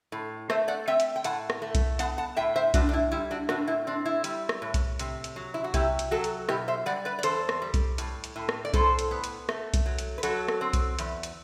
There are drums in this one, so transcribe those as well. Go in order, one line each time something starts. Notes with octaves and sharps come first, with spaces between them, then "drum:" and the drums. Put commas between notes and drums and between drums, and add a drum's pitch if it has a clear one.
A2
A3 C5 E5, drum: rim click
D5 F#5
C4 E5 G5
drum: hi-hat
G5
A2 F#5 A5, drum: hi-hat
drum: rim click
A3
drum: kick B1, hi-hat
B3 F#5 A5, drum: hi-hat
F#5 A5
A2 E5 G5
C5 E5
A2 D4 F#4, drum: kick B1, hi-hat
D4
E4
G3 E4
D4 F#4
A2 D4 F#4, drum: rim click
E4
C4 D4
E4
G3, drum: hi-hat
drum: rim click
A2
drum: kick B1, hi-hat
C3, drum: hi-hat
drum: hi-hat
F#3
E4
F#4
C3 E4 G4, drum: kick B1, hi-hat
drum: hi-hat
F#3 F#4 A4
drum: hi-hat
B2 E4 G4, drum: rim click
C5 E5
G3 D5 F#5
B4 D5
D5
E2 A4 C5, drum: hi-hat
drum: rim click
G3
drum: kick B1, hi-hat
A2, drum: hi-hat
drum: hi-hat
A2
drum: rim click
D5
A2 A4 C5, drum: kick B1, hi-hat
drum: hi-hat
B3
drum: hi-hat
A3, drum: rim click
drum: kick B1, hi-hat
F#3
drum: hi-hat
B4
F#3 F#4 A4, drum: hi-hat
drum: rim click
C4
drum: kick B1, hi-hat
E2, drum: hi-hat
drum: hi-hat